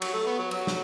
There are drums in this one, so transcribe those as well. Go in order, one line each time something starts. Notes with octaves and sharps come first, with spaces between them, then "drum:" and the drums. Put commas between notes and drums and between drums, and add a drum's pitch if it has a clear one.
F#3, drum: cymbal
A3
B3
F#3
F#3, drum: cymbal
drum: snare